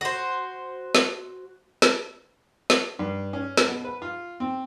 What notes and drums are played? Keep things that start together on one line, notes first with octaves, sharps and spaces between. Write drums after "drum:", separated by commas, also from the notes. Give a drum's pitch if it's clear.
F#4 C5
drum: snare
drum: snare
drum: snare
G2
C#4
drum: snare
B2
B4
F4
C4